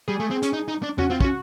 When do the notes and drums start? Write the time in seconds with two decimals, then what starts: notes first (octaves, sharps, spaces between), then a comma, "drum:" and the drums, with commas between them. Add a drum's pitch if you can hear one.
0.08 G3 G#4
0.20 A3
0.31 C4
0.43 C#4, drum: hi-hat
0.53 D#4
0.68 D#4
0.83 D4
0.98 C#4 F#4, drum: tom E2
1.10 C4 F4
1.20 C#4, drum: kick
1.24 F#4